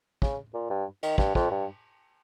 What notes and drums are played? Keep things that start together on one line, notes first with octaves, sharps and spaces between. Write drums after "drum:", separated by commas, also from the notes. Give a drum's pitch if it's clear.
C#3, drum: kick
A#2
G2
D#3, drum: cymbal
G2, drum: kick
F2, drum: kick
G2